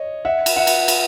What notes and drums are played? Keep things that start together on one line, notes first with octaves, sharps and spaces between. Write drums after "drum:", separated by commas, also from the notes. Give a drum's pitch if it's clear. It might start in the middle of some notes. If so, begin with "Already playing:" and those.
Already playing: C#5 D#5
E5 F#5
drum: cymbal
E5 F#5
drum: cymbal
drum: cymbal